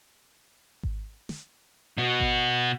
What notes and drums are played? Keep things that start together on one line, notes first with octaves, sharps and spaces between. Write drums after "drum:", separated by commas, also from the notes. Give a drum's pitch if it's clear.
drum: kick G#1
drum: snare
B2 F#4
drum: kick G#1